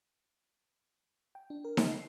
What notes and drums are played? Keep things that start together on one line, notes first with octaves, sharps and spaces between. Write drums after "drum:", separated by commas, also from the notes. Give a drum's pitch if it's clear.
G5
D4
A#4
C#3, drum: snare D#4
C7